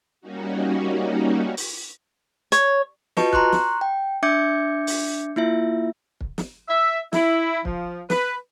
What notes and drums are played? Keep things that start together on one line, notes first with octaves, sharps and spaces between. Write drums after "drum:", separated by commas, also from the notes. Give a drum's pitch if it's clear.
G3 A#3 C#4 D#4 F#4
drum: open hi-hat
C#5, drum: hi-hat
F4 F#4 B4 D#5 A5 C#6, drum: snare
A#5 C6 C#6 F#6, drum: kick
drum: snare
G5
D4 E5 D6 G6 G#6 C#7
drum: open hi-hat
A#3 E4 F4 E5
drum: kick
drum: snare
E5
E4, drum: snare
F3, drum: kick
B4, drum: snare